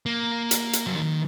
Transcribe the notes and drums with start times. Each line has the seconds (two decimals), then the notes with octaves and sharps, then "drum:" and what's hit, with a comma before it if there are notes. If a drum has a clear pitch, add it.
0.06 A#3
0.51 drum: hi-hat
0.73 drum: hi-hat
0.87 F#3
0.96 D#3